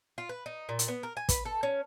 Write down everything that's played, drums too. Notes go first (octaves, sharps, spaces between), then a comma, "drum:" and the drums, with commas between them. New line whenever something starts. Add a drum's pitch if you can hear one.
F4
B4
D#4
A#2
drum: hi-hat
B3
A#4
G#5
B4, drum: kick, hi-hat
A4
C#4